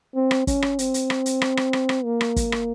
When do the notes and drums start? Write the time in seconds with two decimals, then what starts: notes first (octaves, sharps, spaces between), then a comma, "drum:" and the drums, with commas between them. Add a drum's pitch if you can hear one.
0.15 C4
0.31 drum: rim click
0.47 C#4, drum: kick G1, hi-hat
0.62 drum: rim click
0.79 C4, drum: hi-hat
0.94 drum: hi-hat
1.10 drum: rim click
1.26 drum: hi-hat
1.42 drum: rim click
1.57 drum: rim click
1.73 drum: rim click
1.89 drum: rim click
2.05 A#3
2.21 drum: rim click
2.36 drum: kick G1, hi-hat
2.52 drum: rim click